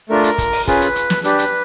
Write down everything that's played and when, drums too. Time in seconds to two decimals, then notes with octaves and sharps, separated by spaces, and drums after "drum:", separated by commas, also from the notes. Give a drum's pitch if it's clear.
0.09 A3 D4 F4 A#4
0.24 drum: hi-hat
0.38 drum: kick, hi-hat
0.53 drum: open hi-hat
0.67 C#4 F4 G#4 B4, drum: kick, hi-hat
0.81 drum: hi-hat
0.96 drum: hi-hat
1.10 drum: snare
1.24 D4 G4 B4, drum: hi-hat
1.39 drum: hi-hat